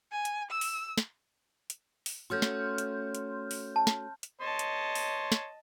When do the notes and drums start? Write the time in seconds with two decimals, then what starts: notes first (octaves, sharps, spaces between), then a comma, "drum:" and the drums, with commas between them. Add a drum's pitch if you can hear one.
0.12 G#5
0.25 drum: hi-hat
0.51 E6
0.61 drum: open hi-hat
0.98 drum: snare
1.70 drum: hi-hat
2.06 drum: open hi-hat
2.30 A3 C#4 F#4 C6 F6 G6
2.42 drum: snare
2.78 drum: hi-hat
3.15 drum: hi-hat
3.51 drum: open hi-hat
3.76 A5
3.87 drum: snare
4.23 drum: hi-hat
4.41 C#5 D#5 A5 C6
4.59 drum: hi-hat
4.95 drum: open hi-hat
5.32 drum: snare